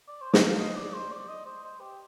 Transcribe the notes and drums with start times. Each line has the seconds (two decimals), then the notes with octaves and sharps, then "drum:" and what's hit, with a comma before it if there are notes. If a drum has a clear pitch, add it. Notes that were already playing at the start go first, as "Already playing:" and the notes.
0.08 D5
0.22 C5
0.34 D#5, drum: snare
0.47 F5
0.60 D#5
0.77 D5
0.94 C5
1.12 D5
1.29 D#5
1.46 C5
1.64 C5
1.80 G4